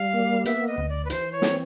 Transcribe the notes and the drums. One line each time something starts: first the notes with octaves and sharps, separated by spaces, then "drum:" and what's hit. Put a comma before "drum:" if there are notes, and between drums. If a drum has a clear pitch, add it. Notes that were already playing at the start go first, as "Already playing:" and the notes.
Already playing: G3 F5
A#3
B3 E5, drum: hi-hat
D#5
D2
D5
B4
E3 C5, drum: hi-hat
C#5
C4, drum: snare